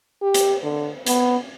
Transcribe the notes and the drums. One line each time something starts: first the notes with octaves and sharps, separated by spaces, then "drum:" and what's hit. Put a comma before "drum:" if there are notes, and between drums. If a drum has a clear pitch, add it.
G4
drum: hi-hat
D3
B3, drum: hi-hat